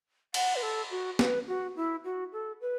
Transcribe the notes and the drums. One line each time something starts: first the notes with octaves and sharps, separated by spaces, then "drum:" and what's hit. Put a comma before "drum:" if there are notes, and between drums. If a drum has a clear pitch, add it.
F#5, drum: cymbal
B4
A4
F#4
B4, drum: snare
F#4
E4
F#4
A4
B4